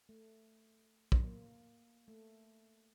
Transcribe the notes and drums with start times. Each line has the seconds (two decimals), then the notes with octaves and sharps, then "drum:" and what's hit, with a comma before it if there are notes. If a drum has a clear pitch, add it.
0.09 A3
1.12 drum: kick
1.24 A#3
2.08 A3